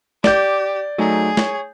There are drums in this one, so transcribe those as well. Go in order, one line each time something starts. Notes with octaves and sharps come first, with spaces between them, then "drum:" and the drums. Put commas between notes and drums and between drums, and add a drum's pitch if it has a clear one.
G4 D5 G6, drum: snare
F#3 A3 D#4 G#4
C#5, drum: snare